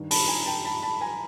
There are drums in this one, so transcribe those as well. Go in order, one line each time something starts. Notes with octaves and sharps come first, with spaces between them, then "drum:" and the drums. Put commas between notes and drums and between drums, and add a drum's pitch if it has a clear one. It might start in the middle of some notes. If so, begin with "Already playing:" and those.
Already playing: G2 D#3
A5 B5, drum: open hi-hat
G#5 A#5
G5 A5
A5 B5
A5 B5
G#5 A#5